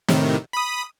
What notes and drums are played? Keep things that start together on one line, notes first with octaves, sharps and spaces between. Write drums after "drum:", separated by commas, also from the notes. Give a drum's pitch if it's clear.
A2 C3 D#3, drum: snare
B5 D#6